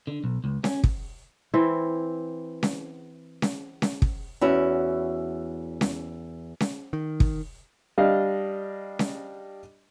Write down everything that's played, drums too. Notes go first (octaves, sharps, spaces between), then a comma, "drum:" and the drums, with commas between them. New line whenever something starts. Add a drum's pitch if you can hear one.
D3
B1
C#2
C#4, drum: snare C#4
drum: kick
E3 C4 E4
drum: snare C#4
drum: snare C#4
drum: snare C#4
drum: kick
E2 C#4 E4 F#4
drum: snare C#4
drum: snare C#4
D#3
drum: kick
G3 D4 D#5 F5
drum: snare C#4